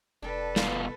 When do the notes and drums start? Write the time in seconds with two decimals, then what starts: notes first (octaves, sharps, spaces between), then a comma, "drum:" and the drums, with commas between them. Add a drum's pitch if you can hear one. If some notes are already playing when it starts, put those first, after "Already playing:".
0.22 F1 D4 A4 B4 G5
0.56 B2 F4, drum: snare